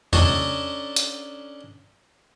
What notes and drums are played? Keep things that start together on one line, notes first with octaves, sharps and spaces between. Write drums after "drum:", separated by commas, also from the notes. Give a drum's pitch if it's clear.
C#4 D4 A4 C#5 D#5 A#5, drum: tom E2
drum: hi-hat